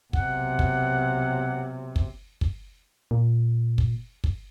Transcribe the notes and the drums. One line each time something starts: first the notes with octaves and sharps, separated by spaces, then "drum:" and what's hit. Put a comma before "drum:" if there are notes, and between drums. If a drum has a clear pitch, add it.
B1 C3 F#5, drum: kick
drum: kick
drum: kick
drum: kick
A#2
drum: kick
drum: kick